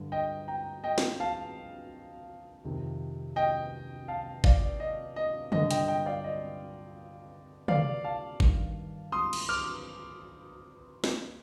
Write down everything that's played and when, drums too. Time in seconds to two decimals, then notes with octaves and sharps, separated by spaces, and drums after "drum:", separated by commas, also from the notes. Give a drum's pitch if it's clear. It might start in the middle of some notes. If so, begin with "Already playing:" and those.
Already playing: G2 D3
0.12 D#5 G5
0.48 G5 A#5
0.84 D#5 G5
0.98 drum: snare
1.20 F5 A5
2.64 F2 C3 D#3
3.36 D#5 G5
4.08 F5 A5
4.44 D5 F5, drum: kick
4.80 D#5
5.16 D#5
5.52 G2 D3 D#5, drum: tom
5.71 D#5 G5, drum: hi-hat
5.88 D#5 G5
6.06 D5 F5
6.24 D#5
7.68 D5 F5, drum: tom
8.04 F5 A5
8.40 G2 D#3, drum: kick
9.12 C6 D#6
9.33 drum: cymbal
9.49 D6 F6
11.04 drum: snare